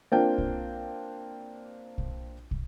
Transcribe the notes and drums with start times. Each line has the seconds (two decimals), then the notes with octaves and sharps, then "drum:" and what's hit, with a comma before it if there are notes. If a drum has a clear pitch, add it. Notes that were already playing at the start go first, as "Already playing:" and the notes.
0.12 A#3 C4 D4 F4 G5
0.38 drum: kick
1.98 drum: kick
2.51 drum: kick